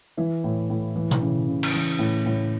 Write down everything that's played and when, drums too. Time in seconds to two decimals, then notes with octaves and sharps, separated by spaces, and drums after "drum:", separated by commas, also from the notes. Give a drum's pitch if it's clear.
0.17 E3 E4
0.44 A2
0.70 A2
0.96 E3
1.11 drum: tom B2
1.22 C#3
1.47 C#3
1.63 drum: cymbal
1.74 E3
1.99 A2
2.26 A2